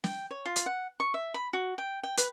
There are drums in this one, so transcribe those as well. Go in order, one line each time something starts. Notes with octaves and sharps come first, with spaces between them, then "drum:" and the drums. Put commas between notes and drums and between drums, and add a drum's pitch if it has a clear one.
G5, drum: snare
C#5
F4
drum: hi-hat
F#5
C#6
E5
B5
F#4
G5
G5
B4, drum: hi-hat